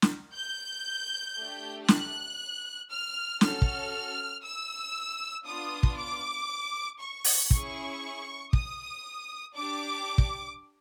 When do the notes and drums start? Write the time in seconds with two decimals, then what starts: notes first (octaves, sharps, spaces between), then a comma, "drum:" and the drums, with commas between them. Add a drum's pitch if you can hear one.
0.02 drum: snare
0.34 G6
1.37 A3 D4 G4
1.88 F#6, drum: snare
2.90 F6
3.41 C#4 F#4 A4 F6, drum: snare
3.62 drum: kick
4.44 E6
5.46 B3 D4 F4 D#6
5.83 drum: kick
5.97 D6
7.00 C#6
7.24 drum: open hi-hat
7.51 C#4 E4 G#4 C#6, drum: kick
8.53 D#6, drum: kick
9.55 D4 G4 D6
10.18 drum: kick